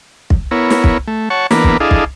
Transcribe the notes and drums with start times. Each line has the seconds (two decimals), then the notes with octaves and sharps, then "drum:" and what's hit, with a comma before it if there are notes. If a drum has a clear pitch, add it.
0.30 drum: kick
0.51 B3 E4 A#4 C#5
0.70 drum: snare
0.84 drum: kick
1.08 A3
1.30 C#5 F#5 A5 C#6
1.51 E3 A#3 B3 D4 A#4 B4, drum: snare
1.64 drum: kick
1.80 D4 E4 G#4 A4 D#5 F5
1.91 drum: kick